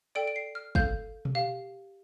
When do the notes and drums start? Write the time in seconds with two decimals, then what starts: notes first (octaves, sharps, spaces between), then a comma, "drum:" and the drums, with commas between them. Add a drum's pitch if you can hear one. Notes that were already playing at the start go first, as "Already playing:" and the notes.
0.15 A4 D5 G5 D7
0.27 D7
0.36 C7
0.55 F6
0.75 A4 F5 G6, drum: kick
1.25 drum: tom B2
1.35 G4 F5